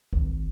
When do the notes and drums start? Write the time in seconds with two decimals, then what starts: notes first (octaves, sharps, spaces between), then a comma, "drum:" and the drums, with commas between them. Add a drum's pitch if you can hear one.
0.13 G#1, drum: kick C2